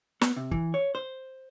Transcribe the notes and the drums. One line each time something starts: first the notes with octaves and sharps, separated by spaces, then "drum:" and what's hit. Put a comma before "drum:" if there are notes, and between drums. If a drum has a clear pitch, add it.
B3, drum: snare
C3
E3, drum: kick
C#5
C5